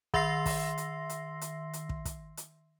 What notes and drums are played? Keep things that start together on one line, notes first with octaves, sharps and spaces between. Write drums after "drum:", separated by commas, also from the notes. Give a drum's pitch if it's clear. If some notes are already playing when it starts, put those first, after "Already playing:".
D#3 E5 C6 E6 A#6 C7, drum: kick
drum: kick, open hi-hat
drum: hi-hat
drum: hi-hat
drum: hi-hat
drum: hi-hat
drum: kick
drum: kick, hi-hat
drum: hi-hat